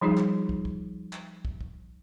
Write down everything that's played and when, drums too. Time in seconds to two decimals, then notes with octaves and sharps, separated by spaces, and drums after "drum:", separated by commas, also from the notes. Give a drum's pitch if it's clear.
0.01 F3 G3 D#4 F4 G#4
0.17 drum: clap
0.49 drum: kick
0.65 drum: kick
1.13 drum: clap
1.45 drum: kick
1.61 drum: kick